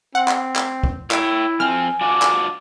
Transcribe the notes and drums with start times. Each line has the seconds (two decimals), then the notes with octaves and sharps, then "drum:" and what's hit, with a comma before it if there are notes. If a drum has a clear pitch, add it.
0.15 C4 F#5
0.28 drum: clap
0.56 drum: clap
0.84 drum: kick
1.11 E4 C#5 G5, drum: clap
1.60 F2 C4 G#5 F6
2.01 D4 F4 F#4 D6
2.22 drum: clap